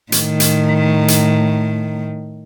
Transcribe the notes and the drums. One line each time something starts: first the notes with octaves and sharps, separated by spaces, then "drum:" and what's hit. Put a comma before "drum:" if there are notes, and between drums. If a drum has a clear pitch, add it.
A2 D#3, drum: hi-hat
drum: hi-hat
drum: hi-hat